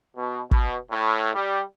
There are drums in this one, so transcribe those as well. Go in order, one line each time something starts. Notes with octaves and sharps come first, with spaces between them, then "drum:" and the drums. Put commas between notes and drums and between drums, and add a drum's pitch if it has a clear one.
B2
B2, drum: kick
A2
G3